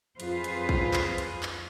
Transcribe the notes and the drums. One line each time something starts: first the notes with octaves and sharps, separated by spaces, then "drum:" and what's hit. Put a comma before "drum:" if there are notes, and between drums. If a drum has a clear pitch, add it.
F2 F4 G#4 B4 C5, drum: hi-hat
drum: hi-hat
drum: kick
drum: clap
drum: hi-hat
drum: clap